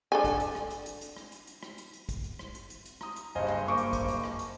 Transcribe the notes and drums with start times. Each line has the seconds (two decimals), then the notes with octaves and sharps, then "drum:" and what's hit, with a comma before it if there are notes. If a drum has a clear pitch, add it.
0.12 D4 A4 G#5
0.24 drum: kick, hi-hat
0.40 drum: hi-hat
0.55 drum: rim click
0.70 drum: hi-hat
0.86 drum: hi-hat
1.01 drum: hi-hat
1.17 drum: rim click
1.32 drum: hi-hat
1.47 drum: hi-hat
1.63 drum: rim click
1.78 drum: hi-hat
1.93 drum: hi-hat
2.09 drum: kick, hi-hat
2.24 drum: hi-hat
2.39 drum: rim click
2.55 drum: hi-hat
2.70 drum: hi-hat
2.85 drum: hi-hat
3.01 A#5 D#6, drum: rim click
3.16 drum: hi-hat
3.35 F#1 G2 C5 D#5 F5 G#5
3.47 drum: rim click
3.67 A#3 C#6 D6
3.78 drum: hi-hat
3.93 drum: kick, hi-hat
4.08 drum: hi-hat
4.24 drum: rim click
4.39 drum: hi-hat